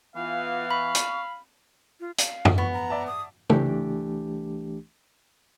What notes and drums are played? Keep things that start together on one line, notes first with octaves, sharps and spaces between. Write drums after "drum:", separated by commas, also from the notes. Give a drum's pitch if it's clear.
E3 B3 F4 F5
B5 C#6
drum: hi-hat
F4
F5, drum: hi-hat
drum: tom F#2
B3 C#6
A#5
D5 E5 A5
D#6
C2 E3 A3 D4 G4, drum: tom